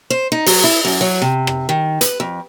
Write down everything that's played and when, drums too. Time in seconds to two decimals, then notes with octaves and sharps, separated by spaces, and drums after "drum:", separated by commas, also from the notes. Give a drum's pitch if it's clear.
0.10 C5
0.32 D#4
0.46 F#3, drum: open hi-hat
0.64 E4
0.85 F#2
1.01 F#3
1.22 C3
1.47 drum: rim click
1.69 D#3
2.01 B4, drum: hi-hat
2.20 F2